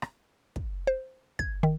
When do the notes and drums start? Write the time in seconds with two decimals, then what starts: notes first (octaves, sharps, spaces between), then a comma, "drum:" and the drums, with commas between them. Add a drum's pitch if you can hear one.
0.02 drum: rim click
0.56 drum: kick
0.87 C5
1.39 G#6, drum: kick
1.63 D#3